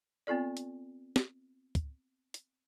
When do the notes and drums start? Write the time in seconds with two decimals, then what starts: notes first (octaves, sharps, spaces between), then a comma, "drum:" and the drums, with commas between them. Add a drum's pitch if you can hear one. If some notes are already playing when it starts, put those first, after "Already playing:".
0.27 B3 C4 F4 A4 D5
0.57 drum: hi-hat
1.16 drum: snare
1.75 drum: kick, hi-hat
2.34 drum: hi-hat